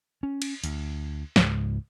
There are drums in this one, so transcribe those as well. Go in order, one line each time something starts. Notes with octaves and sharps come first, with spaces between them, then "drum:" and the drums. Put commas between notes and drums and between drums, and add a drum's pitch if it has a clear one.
C#4
drum: cymbal
D2, drum: hi-hat
C#2 G#2, drum: snare